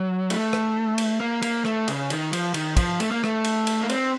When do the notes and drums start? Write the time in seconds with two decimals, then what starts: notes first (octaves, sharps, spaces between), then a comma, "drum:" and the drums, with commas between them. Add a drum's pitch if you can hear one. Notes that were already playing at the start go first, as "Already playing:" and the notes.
Already playing: F#3
0.30 A3, drum: cymbal
0.53 drum: rim click
0.98 drum: cymbal
1.20 A#3
1.42 A#3, drum: cymbal
1.65 A3, drum: rim click
1.88 C#3, drum: cymbal
2.10 D#3, drum: cymbal
2.33 F3, drum: cymbal
2.54 D#3, drum: cymbal
2.77 F3, drum: kick, cymbal
3.00 A3, drum: cymbal
3.11 A#3
3.24 A3, drum: rim click
3.44 drum: cymbal
3.67 drum: cymbal
3.81 A#3
3.90 C4, drum: cymbal